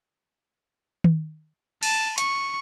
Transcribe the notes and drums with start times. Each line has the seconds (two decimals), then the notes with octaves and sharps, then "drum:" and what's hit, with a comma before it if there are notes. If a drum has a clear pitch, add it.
1.04 drum: tom D#3
1.83 A5, drum: cymbal
2.18 C#6, drum: hi-hat